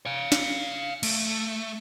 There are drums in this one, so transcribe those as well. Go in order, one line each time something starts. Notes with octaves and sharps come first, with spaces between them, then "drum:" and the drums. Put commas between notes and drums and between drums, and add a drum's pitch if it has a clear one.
F5 G#5
drum: snare
A3, drum: cymbal